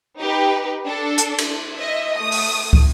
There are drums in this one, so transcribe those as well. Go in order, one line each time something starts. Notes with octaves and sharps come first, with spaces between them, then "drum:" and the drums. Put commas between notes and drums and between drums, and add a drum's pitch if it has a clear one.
D#4 G4 B4
D4 A4
drum: hi-hat
drum: cymbal
D#5 E5
A3 D#6
drum: open hi-hat
drum: kick